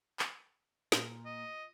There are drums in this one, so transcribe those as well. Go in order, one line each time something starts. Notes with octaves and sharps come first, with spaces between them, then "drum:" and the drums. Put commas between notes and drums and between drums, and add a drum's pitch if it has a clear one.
drum: clap
A#2, drum: snare
D#5